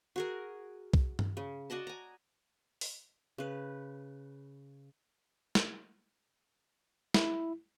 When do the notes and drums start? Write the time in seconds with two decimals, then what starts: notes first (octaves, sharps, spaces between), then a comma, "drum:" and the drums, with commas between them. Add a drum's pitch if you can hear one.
0.16 F#4 G#4 A#4
0.94 drum: kick
1.19 drum: tom G2
1.37 C#3
1.70 F#4 D5 D#5 A5
1.87 G#5 A#5
2.81 drum: open hi-hat
3.38 C#3 B4
5.55 drum: snare
7.14 E4, drum: snare